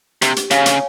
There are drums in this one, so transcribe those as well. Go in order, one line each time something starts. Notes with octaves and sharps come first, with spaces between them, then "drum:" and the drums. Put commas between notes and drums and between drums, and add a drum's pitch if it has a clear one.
C3 G4, drum: hi-hat
drum: hi-hat
C#3 C#5 F5 G#5, drum: hi-hat
drum: hi-hat